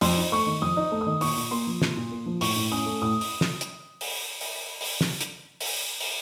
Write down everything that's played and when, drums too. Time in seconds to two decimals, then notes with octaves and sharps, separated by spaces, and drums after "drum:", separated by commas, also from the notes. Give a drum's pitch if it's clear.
0.01 F2 C6, drum: open hi-hat
0.17 D#4
0.32 A3 C#6
0.47 D#3
0.62 F2 D#6
0.77 D#4
0.92 A3
1.01 D#6
1.07 D#3
1.21 A#2 C#6, drum: open hi-hat
1.36 A#2
1.51 A#3 C6
1.67 F3
1.82 A#2, drum: snare
1.97 A#2
2.12 A#3
2.26 F3
2.41 A2 C#6, drum: open hi-hat
2.56 A2
2.72 C#4 D#6
2.86 A3
3.02 A2 D#6
3.21 drum: open hi-hat
3.41 drum: snare
3.61 drum: hi-hat
4.01 drum: open hi-hat
4.41 drum: open hi-hat
4.81 drum: open hi-hat
5.01 drum: snare
5.21 drum: hi-hat
5.61 drum: open hi-hat
6.00 drum: open hi-hat